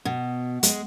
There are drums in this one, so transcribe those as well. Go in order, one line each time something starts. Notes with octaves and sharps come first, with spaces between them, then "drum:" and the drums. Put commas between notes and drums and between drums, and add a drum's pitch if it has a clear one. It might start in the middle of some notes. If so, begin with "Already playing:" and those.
B2
G#3, drum: hi-hat